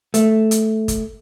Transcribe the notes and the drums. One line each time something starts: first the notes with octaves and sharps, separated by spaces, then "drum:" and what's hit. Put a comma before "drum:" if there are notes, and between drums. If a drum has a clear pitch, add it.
A3, drum: hi-hat
drum: hi-hat
drum: kick G1, hi-hat